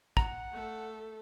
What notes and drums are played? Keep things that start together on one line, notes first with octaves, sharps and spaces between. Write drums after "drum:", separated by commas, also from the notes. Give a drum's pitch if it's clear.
F#5 A#5, drum: kick
A3 A4